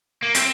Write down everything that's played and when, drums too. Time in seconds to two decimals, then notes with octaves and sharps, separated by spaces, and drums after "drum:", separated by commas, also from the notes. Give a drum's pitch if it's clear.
0.22 A#3
0.35 C4, drum: hi-hat